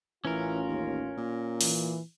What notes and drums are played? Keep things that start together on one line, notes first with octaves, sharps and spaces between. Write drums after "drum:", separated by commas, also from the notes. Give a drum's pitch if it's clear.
A1 E3 C#4 F4 A#4
D#2
A#2
E3, drum: open hi-hat